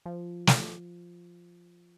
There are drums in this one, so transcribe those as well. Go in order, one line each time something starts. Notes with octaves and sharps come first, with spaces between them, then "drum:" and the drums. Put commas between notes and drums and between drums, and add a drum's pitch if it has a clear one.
F3
drum: snare